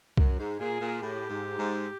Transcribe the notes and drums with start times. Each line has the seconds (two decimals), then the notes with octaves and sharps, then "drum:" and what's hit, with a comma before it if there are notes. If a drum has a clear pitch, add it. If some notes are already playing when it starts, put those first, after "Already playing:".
0.17 F#2, drum: kick C2
0.38 G#2
0.59 A#2 G#4
0.80 A#2
1.02 A2 G4
1.30 G#2
1.58 G#2